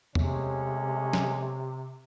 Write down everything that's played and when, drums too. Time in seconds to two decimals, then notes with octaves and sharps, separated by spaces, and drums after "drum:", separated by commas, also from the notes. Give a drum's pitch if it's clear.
0.15 C3 G#3 A3 C#4, drum: tom E2
1.13 drum: snare